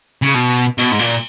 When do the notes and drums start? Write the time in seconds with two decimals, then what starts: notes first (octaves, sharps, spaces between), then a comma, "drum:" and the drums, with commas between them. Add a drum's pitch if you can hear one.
0.22 C#3
0.34 B2
0.78 B2, drum: cymbal
0.92 G#2
0.99 A#2, drum: cymbal